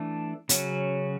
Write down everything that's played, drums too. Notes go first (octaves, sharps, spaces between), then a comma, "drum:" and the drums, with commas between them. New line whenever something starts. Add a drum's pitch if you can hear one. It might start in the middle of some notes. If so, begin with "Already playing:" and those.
Already playing: E3 A3 D4
C#3 F#3 C#4 F#4, drum: hi-hat